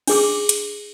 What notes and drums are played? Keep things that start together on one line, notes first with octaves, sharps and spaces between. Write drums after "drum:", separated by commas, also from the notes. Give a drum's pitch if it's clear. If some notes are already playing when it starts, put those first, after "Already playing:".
D4 G#4 D6, drum: cymbal
drum: hi-hat